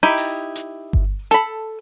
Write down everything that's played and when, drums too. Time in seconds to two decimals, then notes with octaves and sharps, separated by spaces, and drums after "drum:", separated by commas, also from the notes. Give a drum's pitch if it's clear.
0.03 D#4 E4 G4 G5
0.18 drum: open hi-hat
0.55 drum: hi-hat
0.93 drum: kick G1
1.31 A4 B5, drum: hi-hat